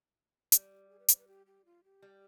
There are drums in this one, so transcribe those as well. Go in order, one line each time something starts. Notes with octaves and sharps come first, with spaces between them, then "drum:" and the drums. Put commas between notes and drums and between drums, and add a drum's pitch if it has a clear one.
G3, drum: hi-hat
G4
G#4
B4
C5, drum: hi-hat
B4
G4
G4
F4
G4
G3